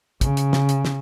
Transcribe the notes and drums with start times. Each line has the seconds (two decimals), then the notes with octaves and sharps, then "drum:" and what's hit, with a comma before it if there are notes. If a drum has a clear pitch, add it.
0.21 C#3, drum: kick, hi-hat
0.37 drum: hi-hat
0.53 drum: snare
0.69 drum: hi-hat
0.85 drum: snare